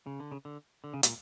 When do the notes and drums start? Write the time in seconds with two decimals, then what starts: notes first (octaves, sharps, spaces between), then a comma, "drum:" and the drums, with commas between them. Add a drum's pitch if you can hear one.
0.06 C#3
0.20 D3
0.32 C#3
0.45 D3
0.84 D3
0.94 C#3
1.03 A#2, drum: hi-hat